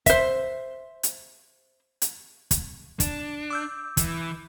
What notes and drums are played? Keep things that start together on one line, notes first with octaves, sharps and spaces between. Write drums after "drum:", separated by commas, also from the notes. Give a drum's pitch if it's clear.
C5 E5, drum: kick, hi-hat
drum: hi-hat
drum: hi-hat
drum: kick, hi-hat
D4, drum: kick, hi-hat
D6 E6 G6
E3, drum: kick, hi-hat